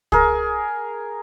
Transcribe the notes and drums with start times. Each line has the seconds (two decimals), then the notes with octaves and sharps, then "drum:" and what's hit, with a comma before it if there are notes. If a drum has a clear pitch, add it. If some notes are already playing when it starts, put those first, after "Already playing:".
0.12 G#4 A#4, drum: kick